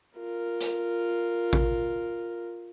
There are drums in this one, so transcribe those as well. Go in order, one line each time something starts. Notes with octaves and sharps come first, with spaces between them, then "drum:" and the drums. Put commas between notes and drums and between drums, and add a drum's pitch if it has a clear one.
F4 A#4
drum: hi-hat
drum: kick A1